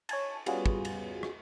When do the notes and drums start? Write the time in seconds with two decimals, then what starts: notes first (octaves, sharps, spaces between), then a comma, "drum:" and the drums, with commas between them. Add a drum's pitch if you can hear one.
0.09 C#5 G#5 A5, drum: cymbal
0.46 G3 B3 C#4 F4 F#4 G#4, drum: cymbal
0.66 drum: kick
0.85 drum: cymbal
1.23 drum: rim click